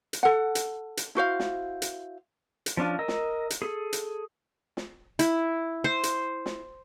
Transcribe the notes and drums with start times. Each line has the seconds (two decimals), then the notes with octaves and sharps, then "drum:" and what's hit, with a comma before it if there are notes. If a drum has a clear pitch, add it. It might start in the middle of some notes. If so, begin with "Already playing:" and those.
0.13 drum: hi-hat
0.23 A4 F#5
0.55 drum: hi-hat
0.97 drum: hi-hat
1.15 E4 F#4 C5 F5
1.40 drum: snare
1.82 drum: hi-hat
2.66 drum: hi-hat
2.77 F3 C#4 D4 F4
2.99 A#4 D#5 E6
3.08 drum: snare
3.50 drum: hi-hat
3.62 G#4 A4
3.93 drum: hi-hat
4.77 drum: snare
5.19 E4, drum: hi-hat
5.84 C5
6.03 drum: hi-hat
6.46 drum: snare